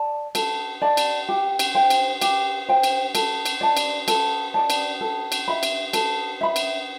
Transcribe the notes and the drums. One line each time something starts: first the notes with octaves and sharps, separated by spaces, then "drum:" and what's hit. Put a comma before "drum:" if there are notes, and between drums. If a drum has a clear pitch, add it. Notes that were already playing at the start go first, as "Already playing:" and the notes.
Already playing: D5 A5
A4, drum: cymbal
D5 A5
drum: cymbal
G4
drum: cymbal
C5 G5
drum: cymbal
G4, drum: cymbal
C5 G5
drum: cymbal
A4, drum: cymbal
drum: cymbal
D5 A5
drum: cymbal
A4, drum: cymbal
D5 A5
drum: cymbal
A4
drum: cymbal
E5 B5
drum: cymbal
A4, drum: cymbal
E5 B5
drum: cymbal